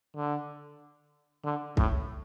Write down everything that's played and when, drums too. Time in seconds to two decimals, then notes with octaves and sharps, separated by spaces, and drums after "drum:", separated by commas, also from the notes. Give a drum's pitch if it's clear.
0.16 D3
1.45 D3
1.77 A2, drum: kick C2